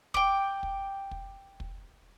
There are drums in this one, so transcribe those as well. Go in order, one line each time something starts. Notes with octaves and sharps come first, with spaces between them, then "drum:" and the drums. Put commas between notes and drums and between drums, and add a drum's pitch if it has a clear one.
G5 D6, drum: kick
drum: kick
drum: kick
drum: kick